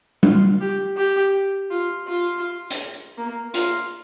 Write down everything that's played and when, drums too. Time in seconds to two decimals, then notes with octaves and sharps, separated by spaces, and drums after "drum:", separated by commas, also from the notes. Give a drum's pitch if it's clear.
0.23 F4, drum: tom G3
0.60 G4
0.97 G4
1.70 F4
2.07 F4
2.70 drum: hi-hat
3.17 A#3
3.54 F4, drum: hi-hat